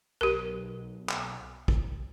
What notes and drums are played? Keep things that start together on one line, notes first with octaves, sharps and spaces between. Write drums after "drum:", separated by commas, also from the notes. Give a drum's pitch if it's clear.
B1 G4 A#4
drum: clap
drum: kick